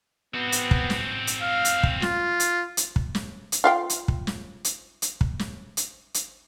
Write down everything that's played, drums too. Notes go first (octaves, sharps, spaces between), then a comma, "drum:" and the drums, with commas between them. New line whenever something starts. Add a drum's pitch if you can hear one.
B3 C4 F#4
drum: hi-hat
drum: kick
drum: snare
drum: hi-hat
F5
drum: hi-hat
drum: kick
F4, drum: snare
drum: hi-hat
drum: hi-hat
drum: kick
drum: snare
drum: hi-hat
F4 F5 G5
drum: hi-hat
drum: kick
drum: snare
drum: hi-hat
drum: hi-hat
drum: kick
drum: snare
drum: hi-hat
drum: hi-hat